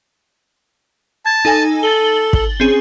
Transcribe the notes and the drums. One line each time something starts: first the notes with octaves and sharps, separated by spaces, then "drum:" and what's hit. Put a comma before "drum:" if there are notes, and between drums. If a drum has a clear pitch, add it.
A5 G#6
D#4 A4 G#5
A4 A6 F#7 G7
drum: kick
C4 C#4 G#4